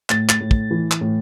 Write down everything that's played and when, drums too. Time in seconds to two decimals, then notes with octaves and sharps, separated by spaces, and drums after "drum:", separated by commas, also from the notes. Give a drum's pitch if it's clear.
0.10 A2 A6, drum: clap
0.29 A6, drum: clap
0.40 A2
0.51 drum: kick
0.71 E3
0.91 drum: clap
1.01 A2